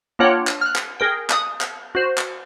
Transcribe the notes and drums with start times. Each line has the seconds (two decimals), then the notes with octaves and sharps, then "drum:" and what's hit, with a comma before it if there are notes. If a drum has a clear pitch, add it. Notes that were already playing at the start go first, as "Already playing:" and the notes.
0.19 A#3 D4 F4 C#5 F#5 G5
0.47 drum: clap
0.61 F6 F#6
0.76 drum: clap
1.00 G#4 A#4 G5
1.30 D#6 F#6, drum: clap
1.61 drum: clap
1.95 F#4 C5
2.18 drum: clap